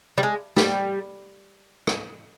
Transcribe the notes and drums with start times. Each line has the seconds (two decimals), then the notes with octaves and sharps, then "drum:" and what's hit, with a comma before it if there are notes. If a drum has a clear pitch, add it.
0.18 G3
0.23 G#3
0.57 G3, drum: snare
1.87 drum: rim click